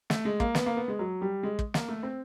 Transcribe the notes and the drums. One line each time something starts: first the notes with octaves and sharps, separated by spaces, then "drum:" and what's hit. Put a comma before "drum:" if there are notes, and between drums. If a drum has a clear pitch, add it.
A3, drum: snare
G#3
A#3, drum: kick
B3, drum: snare
A#3
B3
G#3
F#3
G3
G#3
drum: kick
A#3, drum: snare
A3
C4